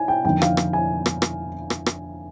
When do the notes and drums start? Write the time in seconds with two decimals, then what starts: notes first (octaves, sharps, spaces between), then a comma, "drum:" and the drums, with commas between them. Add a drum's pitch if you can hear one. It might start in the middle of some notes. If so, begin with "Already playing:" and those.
Already playing: G#5
0.08 G5
0.25 F1 D#2 D3 F3 G5
0.42 F5, drum: rim click
0.57 drum: rim click
0.73 G#5
1.06 drum: rim click
1.22 drum: rim click
1.70 drum: rim click
1.86 drum: rim click